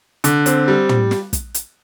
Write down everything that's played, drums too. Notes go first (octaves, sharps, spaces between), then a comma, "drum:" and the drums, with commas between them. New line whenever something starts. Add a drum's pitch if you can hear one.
D3, drum: hi-hat
C4, drum: hi-hat
G3
drum: tom
drum: snare
drum: kick, hi-hat
drum: hi-hat